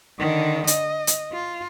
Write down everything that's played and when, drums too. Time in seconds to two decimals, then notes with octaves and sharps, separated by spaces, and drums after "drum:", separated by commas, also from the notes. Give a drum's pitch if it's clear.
0.19 D3 D#3
0.67 D#5, drum: hi-hat
1.07 drum: hi-hat
1.33 F4